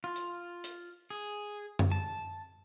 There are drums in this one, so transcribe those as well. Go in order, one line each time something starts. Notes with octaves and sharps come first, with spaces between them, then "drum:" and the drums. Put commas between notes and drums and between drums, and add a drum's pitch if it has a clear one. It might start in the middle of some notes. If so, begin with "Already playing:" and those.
F4
drum: hi-hat
drum: hi-hat
G#4
drum: tom F#2
A5